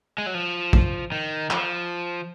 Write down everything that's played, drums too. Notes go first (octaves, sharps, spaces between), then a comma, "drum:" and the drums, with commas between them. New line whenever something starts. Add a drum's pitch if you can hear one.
G#3
F#3
F3
drum: kick A1
D#3
F3, drum: clap